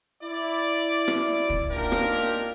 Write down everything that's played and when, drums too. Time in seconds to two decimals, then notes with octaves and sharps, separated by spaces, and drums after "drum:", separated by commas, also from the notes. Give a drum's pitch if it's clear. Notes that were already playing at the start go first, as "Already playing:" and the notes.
0.24 E4 D5
1.08 drum: rim click
1.50 drum: kick
1.71 A#3 D4 D#4 F4 G4 A#4
1.92 drum: rim click